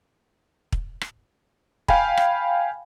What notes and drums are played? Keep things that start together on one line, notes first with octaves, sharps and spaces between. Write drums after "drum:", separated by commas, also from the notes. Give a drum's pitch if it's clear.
drum: kick
drum: rim click
F5 G5 G#5 B5, drum: kick
drum: rim click